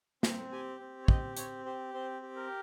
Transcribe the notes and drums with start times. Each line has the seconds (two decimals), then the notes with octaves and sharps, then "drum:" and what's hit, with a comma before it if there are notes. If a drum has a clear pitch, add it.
0.23 C4 C6, drum: snare
0.52 G4 G#5
0.80 C4
1.04 C#5
1.08 G4 D#5, drum: kick
1.37 C4 C#5, drum: hi-hat
1.65 G4 C5
1.94 C4 C5
2.22 G4
2.36 A#4